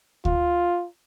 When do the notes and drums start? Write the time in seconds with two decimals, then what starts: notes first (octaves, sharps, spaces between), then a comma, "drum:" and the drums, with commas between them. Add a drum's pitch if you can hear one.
0.25 F4, drum: kick D2